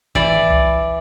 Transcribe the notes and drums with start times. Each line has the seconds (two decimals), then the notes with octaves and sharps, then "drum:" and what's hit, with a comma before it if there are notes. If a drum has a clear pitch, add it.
0.15 E3 D5, drum: kick G#1
0.50 drum: tom C2